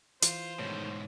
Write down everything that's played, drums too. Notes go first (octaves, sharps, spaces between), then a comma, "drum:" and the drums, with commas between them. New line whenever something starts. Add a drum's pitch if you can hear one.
E3 F4 C5, drum: hi-hat
G#2 B2 D#3 A3 C#5